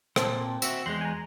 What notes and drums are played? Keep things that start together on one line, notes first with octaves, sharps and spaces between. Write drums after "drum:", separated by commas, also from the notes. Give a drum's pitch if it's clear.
A#2 C4 A4, drum: rim click
C4 F#4 E5, drum: tambourine
E2 G#3 C6 F#6 G6
G#5 A#5